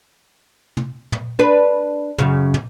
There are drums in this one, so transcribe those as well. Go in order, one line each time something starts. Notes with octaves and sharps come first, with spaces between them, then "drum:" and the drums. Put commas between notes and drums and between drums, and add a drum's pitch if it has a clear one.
drum: tom
drum: tom
D4 B4
F#2 C#3, drum: tom
drum: tom